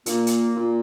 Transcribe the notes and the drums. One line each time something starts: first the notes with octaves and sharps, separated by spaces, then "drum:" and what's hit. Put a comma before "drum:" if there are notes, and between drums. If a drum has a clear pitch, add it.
A#2 A#3, drum: hi-hat
drum: hi-hat
A#2